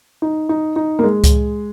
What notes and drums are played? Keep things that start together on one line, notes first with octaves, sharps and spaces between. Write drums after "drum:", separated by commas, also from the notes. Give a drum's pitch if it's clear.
D#4
D#4
D#4
A#3
G#3
drum: kick C#2, hi-hat